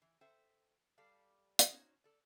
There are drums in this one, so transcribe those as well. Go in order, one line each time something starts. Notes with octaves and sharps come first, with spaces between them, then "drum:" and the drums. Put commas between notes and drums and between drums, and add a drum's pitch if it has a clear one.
E3
A4 C5 E5 G5
G3 G4 A4 D5 F5
drum: hi-hat
C#4 D#4 F#4 C5 C#5
A4 D5